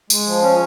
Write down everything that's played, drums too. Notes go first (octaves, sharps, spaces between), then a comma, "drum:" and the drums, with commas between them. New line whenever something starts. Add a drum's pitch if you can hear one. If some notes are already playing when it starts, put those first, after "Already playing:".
G#3, drum: tambourine
F3
C#4